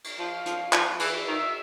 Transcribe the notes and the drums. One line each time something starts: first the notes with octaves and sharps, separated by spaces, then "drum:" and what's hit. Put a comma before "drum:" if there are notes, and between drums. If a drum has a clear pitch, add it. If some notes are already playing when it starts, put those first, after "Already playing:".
drum: cymbal
F3 F5
F3, drum: hi-hat
F3, drum: clap
E3 E5, drum: cymbal
D#3